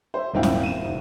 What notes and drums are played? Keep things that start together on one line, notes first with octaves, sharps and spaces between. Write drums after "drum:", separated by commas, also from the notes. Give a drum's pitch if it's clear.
C5 E5
D#1 G#1 C4 E4 F5 G5
drum: snare
D#7 E7
F1